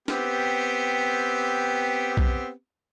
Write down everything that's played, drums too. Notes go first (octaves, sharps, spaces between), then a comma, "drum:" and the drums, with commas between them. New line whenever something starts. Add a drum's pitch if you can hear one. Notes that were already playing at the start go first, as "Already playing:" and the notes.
B3 C4 G4, drum: snare
drum: kick B1